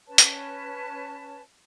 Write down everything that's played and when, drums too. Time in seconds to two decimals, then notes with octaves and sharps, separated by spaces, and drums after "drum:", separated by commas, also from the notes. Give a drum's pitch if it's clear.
0.08 C#4 B4 C#5 A5
0.18 drum: hi-hat